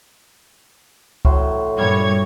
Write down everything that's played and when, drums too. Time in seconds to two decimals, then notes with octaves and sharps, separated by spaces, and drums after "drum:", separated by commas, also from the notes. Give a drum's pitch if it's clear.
1.25 A2 F#3 C6, drum: kick C#2
1.78 G2 A#2 G3 C#5 G#6